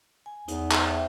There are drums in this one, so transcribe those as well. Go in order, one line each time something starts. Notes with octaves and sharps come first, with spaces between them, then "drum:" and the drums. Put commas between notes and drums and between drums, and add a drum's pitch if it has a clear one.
G#5
E2 D#4, drum: hi-hat
drum: clap
C5 E5 G5